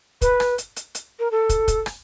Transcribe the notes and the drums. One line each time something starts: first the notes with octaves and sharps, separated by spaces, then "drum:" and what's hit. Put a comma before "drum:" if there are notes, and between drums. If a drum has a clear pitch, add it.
B4, drum: kick, hi-hat
drum: rim click
drum: hi-hat
drum: hi-hat
drum: hi-hat
A#4
A4
drum: kick, hi-hat
drum: kick, hi-hat
drum: rim click